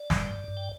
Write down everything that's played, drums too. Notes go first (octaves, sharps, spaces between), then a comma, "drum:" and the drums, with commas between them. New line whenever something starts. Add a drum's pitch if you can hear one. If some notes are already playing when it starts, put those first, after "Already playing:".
Already playing: D5
G3, drum: snare
G2
G2
G5